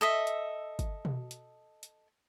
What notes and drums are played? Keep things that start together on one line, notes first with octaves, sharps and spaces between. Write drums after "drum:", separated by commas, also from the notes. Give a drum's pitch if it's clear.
A4 D#5 E5
drum: hi-hat
drum: kick, hi-hat
drum: tom B2
drum: hi-hat
drum: hi-hat